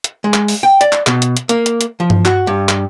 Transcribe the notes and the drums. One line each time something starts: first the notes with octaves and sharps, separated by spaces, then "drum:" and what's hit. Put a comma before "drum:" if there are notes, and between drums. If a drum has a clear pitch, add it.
drum: hi-hat
G#3
drum: clap
drum: open hi-hat
G5
D5, drum: hi-hat
drum: clap
B2, drum: clap
drum: hi-hat
drum: hi-hat
A#3, drum: hi-hat
drum: hi-hat
drum: hi-hat
F3
drum: tom G2
F#4, drum: clap
G2
drum: clap